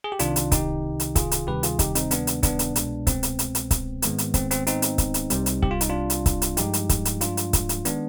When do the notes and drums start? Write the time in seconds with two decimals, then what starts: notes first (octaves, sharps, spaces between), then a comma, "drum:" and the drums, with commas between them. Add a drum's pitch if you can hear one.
0.04 G#4
0.12 G4
0.19 C2 C3 D#3 D4 F4, drum: hi-hat
0.36 drum: hi-hat
0.52 D#4 G4, drum: kick C#1, hi-hat
1.00 drum: hi-hat
1.16 F4 G#4, drum: kick C#1, hi-hat
1.31 drum: hi-hat
1.47 D2 C3 D#3 G3 G4 B4
1.63 F4 G#4, drum: hi-hat
1.79 D#4 G4, drum: kick C#1, hi-hat
1.95 C4 D#4, drum: hi-hat
2.11 B3 D4, drum: hi-hat
2.27 drum: hi-hat
2.43 B3 D4, drum: kick C#1, hi-hat
2.59 drum: hi-hat
2.76 C2 B2 G#3 B3, drum: hi-hat
3.07 C4, drum: kick C#1, hi-hat
3.23 drum: hi-hat
3.39 drum: hi-hat
3.55 drum: hi-hat
3.71 drum: kick C#1, hi-hat
4.02 G#2 D#3 G#3 B3, drum: hi-hat
4.18 drum: hi-hat
4.34 C4, drum: kick C#1, hi-hat
4.51 C4, drum: hi-hat
4.67 C4 D#4, drum: hi-hat
4.82 drum: hi-hat
4.98 drum: kick C#1, hi-hat
5.14 drum: hi-hat
5.30 C2 C3 G3, drum: hi-hat
5.46 drum: hi-hat
5.62 G4, drum: kick C#1
5.71 F4
5.81 D#4, drum: hi-hat
5.90 D4 F4
6.10 drum: hi-hat
6.26 drum: kick C#1, hi-hat
6.42 drum: hi-hat
6.57 G2 F3 G#3 D#4 G4, drum: hi-hat
6.73 drum: hi-hat
6.89 drum: kick C#1, hi-hat
7.05 drum: hi-hat
7.21 D4 F4, drum: hi-hat
7.37 drum: hi-hat
7.53 drum: kick C#1, hi-hat
7.69 drum: hi-hat
7.85 D#3 G#3 B3 D4, drum: hi-hat